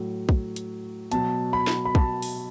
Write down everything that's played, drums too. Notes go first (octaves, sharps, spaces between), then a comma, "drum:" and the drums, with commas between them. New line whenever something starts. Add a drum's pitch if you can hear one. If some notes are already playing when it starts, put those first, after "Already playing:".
Already playing: A2 F#3
drum: kick
drum: hi-hat
B2 F#3 A5, drum: hi-hat
B5
drum: snare
B5
A5, drum: kick
drum: open hi-hat